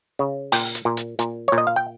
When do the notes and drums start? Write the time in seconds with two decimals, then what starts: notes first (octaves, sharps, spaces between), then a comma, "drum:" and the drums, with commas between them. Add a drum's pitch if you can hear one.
0.19 C#3
0.52 A#2 G5, drum: open hi-hat
0.75 drum: hi-hat
0.85 A#2
0.97 drum: hi-hat
1.19 A#2, drum: hi-hat
1.48 A#2 C#5
1.58 D#5
1.67 F5
1.76 G5